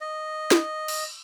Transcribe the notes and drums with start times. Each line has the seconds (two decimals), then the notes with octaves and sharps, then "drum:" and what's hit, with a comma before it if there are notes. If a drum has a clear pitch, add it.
0.01 D#5
0.51 drum: snare
0.88 drum: cymbal